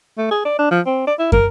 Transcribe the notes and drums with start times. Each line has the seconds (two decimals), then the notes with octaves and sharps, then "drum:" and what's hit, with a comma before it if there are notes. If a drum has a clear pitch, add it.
0.18 A3
0.31 G#4
0.45 D5
0.58 D4
0.71 F3
0.86 C4
1.07 D5
1.18 E4
1.32 A#4, drum: kick